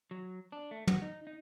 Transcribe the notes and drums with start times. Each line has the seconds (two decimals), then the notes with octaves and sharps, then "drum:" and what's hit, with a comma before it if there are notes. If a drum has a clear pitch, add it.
0.11 F#3
0.52 D4
0.71 A3
0.87 F#4, drum: tom
1.02 D#4
1.27 D#4